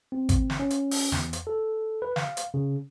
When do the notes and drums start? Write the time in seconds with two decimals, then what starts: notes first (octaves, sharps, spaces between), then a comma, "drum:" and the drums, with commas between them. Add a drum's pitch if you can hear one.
0.12 C4
0.29 drum: kick G#1, hi-hat
0.50 drum: snare
0.59 C#4
0.70 drum: hi-hat
0.91 drum: open hi-hat
1.12 E2, drum: snare
1.33 drum: hi-hat
1.47 A4
2.02 B4
2.16 F5, drum: snare
2.37 drum: hi-hat
2.54 C#3